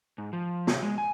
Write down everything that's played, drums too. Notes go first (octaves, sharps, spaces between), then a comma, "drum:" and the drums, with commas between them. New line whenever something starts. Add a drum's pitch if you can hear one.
G#2
F3
C3, drum: snare
G#3
G#5